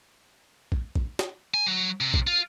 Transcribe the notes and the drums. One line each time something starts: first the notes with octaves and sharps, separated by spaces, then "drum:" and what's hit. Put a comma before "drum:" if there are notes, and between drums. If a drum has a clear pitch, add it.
drum: kick A#1
drum: kick A#1
drum: snare
G#5
F#3
C3
drum: kick A#1
F4